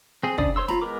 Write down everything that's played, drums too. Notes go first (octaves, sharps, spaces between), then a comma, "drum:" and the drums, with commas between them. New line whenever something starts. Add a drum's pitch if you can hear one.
C4 G#4
C#3 D4 D5 D#6, drum: kick
C5 C#5 C6 E6
F4 A#5 B5, drum: snare
G#3 B3 A#4 D6